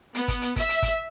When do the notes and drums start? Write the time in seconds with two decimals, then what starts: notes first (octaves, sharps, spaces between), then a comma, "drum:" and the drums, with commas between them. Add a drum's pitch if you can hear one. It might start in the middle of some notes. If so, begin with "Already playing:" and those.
0.15 B3, drum: hi-hat
0.28 drum: kick, hi-hat
0.42 drum: hi-hat
0.56 E5, drum: kick, hi-hat
0.69 drum: hi-hat
0.82 drum: kick, hi-hat